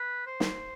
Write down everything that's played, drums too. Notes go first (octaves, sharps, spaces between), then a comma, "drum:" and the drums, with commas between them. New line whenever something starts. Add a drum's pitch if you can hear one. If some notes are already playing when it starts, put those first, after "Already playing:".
Already playing: B4
C5
drum: snare